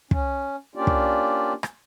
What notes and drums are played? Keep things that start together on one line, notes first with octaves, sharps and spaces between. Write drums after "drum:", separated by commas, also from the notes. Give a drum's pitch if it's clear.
C#4, drum: kick
A#3 C#4 D4 F4 G4 D5
drum: kick
drum: rim click